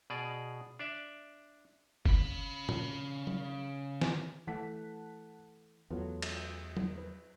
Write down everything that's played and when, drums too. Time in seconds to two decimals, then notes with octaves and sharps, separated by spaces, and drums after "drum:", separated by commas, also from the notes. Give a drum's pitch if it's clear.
0.10 B2 G#4 D5
0.79 D4 D5 E5
2.06 C#3 B5, drum: kick F#1
2.69 drum: tom
3.27 drum: tom
4.01 drum: snare
4.47 E3 A3 F#5 A5 B6
5.90 E2 F#3 A3 B3 F4
6.22 drum: cymbal
6.77 drum: tom
6.98 B4